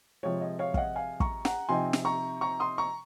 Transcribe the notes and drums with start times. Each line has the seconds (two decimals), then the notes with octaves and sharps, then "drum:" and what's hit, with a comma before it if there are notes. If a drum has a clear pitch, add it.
0.23 C3 F3 G#3 C#5
0.41 D#5
0.59 C#5 F5
0.74 F5, drum: kick
0.77 D#5 F#5
0.96 F5 G#5
1.20 A#5 C#6, drum: kick
1.45 F#5 A#5, drum: snare
1.69 C3 F3 C4 D#4 G#5 C6
1.93 drum: snare
2.05 A#5 C#6
2.41 A#5 C#6
2.60 C6 D#6
2.78 A#5 C#6